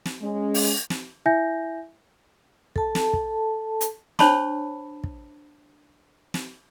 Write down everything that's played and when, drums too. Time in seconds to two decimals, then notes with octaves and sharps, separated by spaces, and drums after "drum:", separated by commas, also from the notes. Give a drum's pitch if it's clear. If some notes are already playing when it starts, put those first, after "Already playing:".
0.05 drum: snare
0.22 G#3 C#4
0.54 drum: open hi-hat
0.90 drum: snare
1.26 E4 E5 G#5 G6 A#6
2.76 A4 A5, drum: kick
2.95 drum: snare
3.13 drum: kick
3.81 drum: hi-hat
4.19 D4 C5 C#5 A5 B5 C#6, drum: snare
5.04 drum: kick
6.34 drum: snare